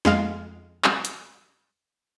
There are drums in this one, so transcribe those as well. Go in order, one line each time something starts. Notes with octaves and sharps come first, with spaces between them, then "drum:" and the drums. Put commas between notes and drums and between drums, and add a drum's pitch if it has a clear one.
F2 G#3 F5, drum: snare
drum: clap
drum: hi-hat